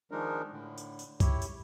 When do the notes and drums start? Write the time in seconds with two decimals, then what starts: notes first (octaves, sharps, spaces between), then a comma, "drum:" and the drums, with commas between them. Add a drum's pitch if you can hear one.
0.11 D#3 F3 G#3 D4 D#4 A#4
0.52 A2 D3
0.78 drum: tambourine
0.99 drum: tambourine
1.20 E4 G4 C#5, drum: kick, tambourine
1.42 drum: tambourine